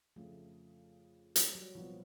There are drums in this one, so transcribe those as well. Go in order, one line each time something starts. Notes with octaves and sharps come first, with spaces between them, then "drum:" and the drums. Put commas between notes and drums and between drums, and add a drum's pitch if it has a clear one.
F2 C#3 F3 A3
G3, drum: hi-hat
F#3
C2 A#2 F3 F#3 B3